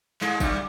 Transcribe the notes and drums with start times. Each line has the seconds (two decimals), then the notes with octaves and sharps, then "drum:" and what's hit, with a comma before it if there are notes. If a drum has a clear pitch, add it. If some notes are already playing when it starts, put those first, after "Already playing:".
0.21 G#2 G#3, drum: clap
0.40 G2 G3, drum: kick, tambourine